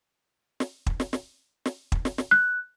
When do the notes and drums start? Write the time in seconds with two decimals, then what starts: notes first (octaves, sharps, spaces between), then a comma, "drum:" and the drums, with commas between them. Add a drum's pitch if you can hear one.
0.60 drum: snare
0.86 drum: kick
1.00 drum: snare
1.13 drum: snare
1.66 drum: snare
1.92 drum: kick
2.05 drum: snare
2.18 drum: snare
2.31 F#6